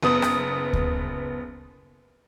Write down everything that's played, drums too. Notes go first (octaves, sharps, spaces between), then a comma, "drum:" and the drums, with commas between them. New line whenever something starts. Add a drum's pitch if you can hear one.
F#1 B3 D#6
drum: rim click
drum: kick D2